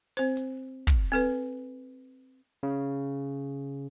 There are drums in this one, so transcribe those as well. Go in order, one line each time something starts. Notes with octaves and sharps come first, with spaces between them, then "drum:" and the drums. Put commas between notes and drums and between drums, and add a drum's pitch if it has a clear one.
C4 C5, drum: hi-hat
drum: hi-hat
drum: kick
C4 A4 B4
C#3